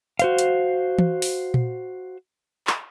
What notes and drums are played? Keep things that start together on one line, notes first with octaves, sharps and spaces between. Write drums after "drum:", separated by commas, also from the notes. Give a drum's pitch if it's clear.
F#4 C5 F5, drum: hi-hat
drum: hi-hat
drum: tom E3
drum: open hi-hat
drum: tom A#2
drum: clap